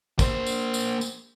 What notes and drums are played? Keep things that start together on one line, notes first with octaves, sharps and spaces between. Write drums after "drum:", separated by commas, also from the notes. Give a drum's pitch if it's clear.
A#3 C5, drum: kick, tambourine
drum: tambourine
drum: tambourine
drum: tambourine